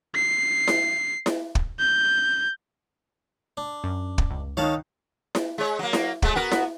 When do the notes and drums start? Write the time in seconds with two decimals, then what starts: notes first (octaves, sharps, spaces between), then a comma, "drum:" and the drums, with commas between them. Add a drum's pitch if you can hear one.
0.16 C7
0.68 drum: snare E4
1.26 drum: snare E4
1.55 drum: kick
1.80 G6
3.57 D4
3.84 F#2
4.18 drum: kick
4.30 C#2
4.57 D#3 D#4 C#5 F5 A5 F#6
5.35 drum: snare E4
5.58 G#3 C#5
5.79 F#3 A#3
5.93 drum: snare E4
6.22 F#3 G#3 A3, drum: kick
6.35 B3 F#4 A#4
6.52 drum: snare E4